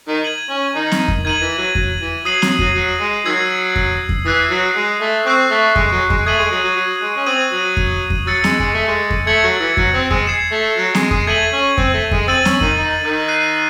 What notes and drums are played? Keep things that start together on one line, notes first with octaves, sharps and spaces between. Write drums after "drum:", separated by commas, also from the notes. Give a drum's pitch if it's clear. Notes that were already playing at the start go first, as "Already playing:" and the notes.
D#3 D#4
G#6 D#7 F#7
C#4
D#3 D#4
drum: snare C4
drum: kick F2
D#3 D#4 G#6 D#7 F#7
E3
F#3
F#3, drum: kick F2
E3
F#3 D#6 G#6 C7 D#7 F#7
F#3, drum: snare C4
F#3, drum: kick F2
F#3
G#3
D#3 F#3 E6 G#6 C7
drum: kick F2
drum: kick F2
E3 D#6 F#6 C7
F#3
G#3
A3
C4 C#6 F#6 C7
A3
G#3, drum: kick F2
F#3
G#3, drum: kick F2
A3 D#6 G#6 D#7 F#7
G#3
F#3
F#3
F#3
G#3
C#4
C4 D#6 G#6 D#7 F#7
F#3
drum: kick F2
drum: kick F2
F#3 E6 A6 C#7
G#3, drum: snare C4
G#3, drum: kick F2
A3
G#3
drum: kick F2
A3 G#6 C#7 F#7
F#3
E3
F#3, drum: kick F2
C4
G#3, drum: kick F2
G#6 C7 E7
A3
F#3
G#3, drum: snare C4
G#3, drum: kick F2
A3 G#6 D#7 F#7
C#4
C4, drum: kick F2
A3
G#3, drum: kick F2
C4 E6 A6 D#7 F#7
C#4, drum: snare C4
D#3 D#4, drum: kick F2
D#3 D#4
D#3 D#4
F#6 C7 D#7